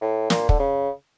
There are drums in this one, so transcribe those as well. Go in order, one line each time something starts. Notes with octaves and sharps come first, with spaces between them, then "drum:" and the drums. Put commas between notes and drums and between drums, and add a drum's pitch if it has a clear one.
A2
A#2, drum: snare
D3, drum: kick
C#3